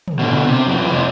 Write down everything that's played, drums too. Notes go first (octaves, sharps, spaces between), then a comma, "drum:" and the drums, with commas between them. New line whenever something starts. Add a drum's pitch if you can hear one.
drum: tom
B2 D3
C3
F#2 E3
F2 C3